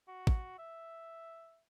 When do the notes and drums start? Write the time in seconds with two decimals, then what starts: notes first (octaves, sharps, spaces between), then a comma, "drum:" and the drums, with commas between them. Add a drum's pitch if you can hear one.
0.08 F#4
0.27 drum: kick
0.59 E5